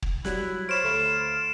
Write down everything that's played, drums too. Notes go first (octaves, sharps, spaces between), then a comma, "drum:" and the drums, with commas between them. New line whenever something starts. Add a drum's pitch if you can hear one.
drum: kick
F#3 G3 E4 F#6, drum: snare
F4 C5 C#5 B5 D7 E7
D2 A3 B5